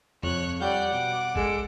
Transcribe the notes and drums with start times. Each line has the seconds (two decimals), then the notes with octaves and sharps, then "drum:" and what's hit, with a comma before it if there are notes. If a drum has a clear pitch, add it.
0.23 F2 C#5 F#6, drum: tom E2
0.61 G3 D5 F#5 G6
0.93 B2 D6
1.36 G#3 A4 D7, drum: kick